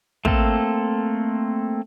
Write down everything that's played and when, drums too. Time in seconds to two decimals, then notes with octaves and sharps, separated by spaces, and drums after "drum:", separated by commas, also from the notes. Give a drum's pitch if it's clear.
0.25 A3 A#3 C4 A4, drum: kick